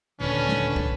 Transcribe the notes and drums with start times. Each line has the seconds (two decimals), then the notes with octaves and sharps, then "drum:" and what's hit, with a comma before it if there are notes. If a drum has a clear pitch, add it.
0.20 D#1 D2 A2 D3 C#4 D4 B4
0.48 drum: snare
0.76 drum: kick